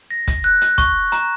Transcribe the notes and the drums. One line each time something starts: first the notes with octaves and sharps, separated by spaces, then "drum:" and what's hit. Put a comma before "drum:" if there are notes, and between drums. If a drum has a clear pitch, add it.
A#6
drum: kick, hi-hat
F#6
drum: hi-hat
C#6, drum: kick, hi-hat
A#5, drum: hi-hat